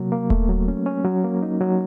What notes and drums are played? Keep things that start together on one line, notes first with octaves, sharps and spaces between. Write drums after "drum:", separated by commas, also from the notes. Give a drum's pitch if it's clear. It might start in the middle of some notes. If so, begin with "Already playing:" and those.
Already playing: C3 F#3 A#3
A#3
A3, drum: kick D#1
F#3
C#4
C#4
F#3
A#3
D#4
F#3